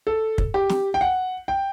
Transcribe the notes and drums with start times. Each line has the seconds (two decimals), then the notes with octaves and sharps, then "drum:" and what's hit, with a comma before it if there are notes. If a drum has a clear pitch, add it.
0.07 A4
0.38 drum: kick
0.54 G4
0.69 drum: snare
0.94 G5
1.01 F#5
1.48 G5